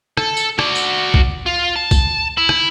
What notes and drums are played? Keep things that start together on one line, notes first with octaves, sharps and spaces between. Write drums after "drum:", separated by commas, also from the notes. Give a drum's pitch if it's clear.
A4, drum: rim click
drum: tambourine
F#4 D5, drum: rim click
drum: tambourine
drum: kick
F4
A5
drum: kick, tambourine
E4
drum: rim click